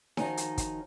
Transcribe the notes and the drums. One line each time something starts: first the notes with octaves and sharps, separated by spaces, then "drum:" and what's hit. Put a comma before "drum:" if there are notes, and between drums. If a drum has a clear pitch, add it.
D#3 F3 D#4 F#4 C#5 G#5, drum: snare D#4
drum: hi-hat
drum: kick, hi-hat